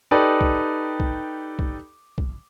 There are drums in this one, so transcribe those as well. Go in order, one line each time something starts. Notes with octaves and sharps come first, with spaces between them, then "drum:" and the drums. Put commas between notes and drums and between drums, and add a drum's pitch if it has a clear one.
D#4 G4 A4 B4 D5
drum: kick
drum: kick
drum: kick
drum: kick